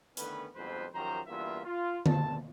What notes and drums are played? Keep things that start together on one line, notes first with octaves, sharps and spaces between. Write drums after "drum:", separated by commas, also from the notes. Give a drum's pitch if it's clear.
D3 D#3 A3 B3 C#4 B4, drum: hi-hat
G1 F2 G#2 B2 B4 C5
F#2 D#3 F3 G4 C5 A#5
E2 G2 A#3 F4 E5
F4
G#1 D2 G2 C3 A5, drum: tom D3